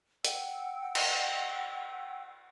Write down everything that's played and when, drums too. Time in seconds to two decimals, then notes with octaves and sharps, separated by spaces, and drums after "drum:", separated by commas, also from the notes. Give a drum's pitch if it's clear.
0.25 F#5 G5 E6, drum: hi-hat
0.95 drum: cymbal